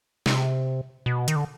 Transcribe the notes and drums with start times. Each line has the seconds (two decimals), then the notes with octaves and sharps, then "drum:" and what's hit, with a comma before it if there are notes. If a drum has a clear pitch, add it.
0.26 C3, drum: snare
1.06 B2
1.28 D#3, drum: hi-hat
1.36 D3